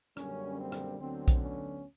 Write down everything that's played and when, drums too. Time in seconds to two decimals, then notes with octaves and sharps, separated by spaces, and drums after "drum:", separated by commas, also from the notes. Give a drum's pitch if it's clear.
0.17 F#2 D3 G3 A#3 C#4, drum: rim click
0.58 C4
0.72 drum: rim click
0.99 D2 D3 F#3 B3 C4
1.28 drum: kick A#1, hi-hat
1.41 C#4